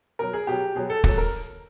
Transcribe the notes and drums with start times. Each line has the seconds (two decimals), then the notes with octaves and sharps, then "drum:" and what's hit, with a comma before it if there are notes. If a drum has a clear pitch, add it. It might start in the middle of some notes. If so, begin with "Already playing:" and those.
0.19 B2 F#3 A#4
0.33 G#4
0.47 B2 F#3 G4
0.75 B2 F#3 G#4
0.90 A4
1.04 B2 F#3 A4, drum: kick
1.18 A#4